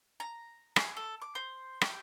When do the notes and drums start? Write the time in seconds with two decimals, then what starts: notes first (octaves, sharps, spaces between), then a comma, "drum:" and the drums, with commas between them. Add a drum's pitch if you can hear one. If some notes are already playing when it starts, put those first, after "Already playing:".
0.20 A#5
0.76 G#4, drum: rim click
0.97 A4
1.22 D6
1.35 C5
1.81 G4, drum: rim click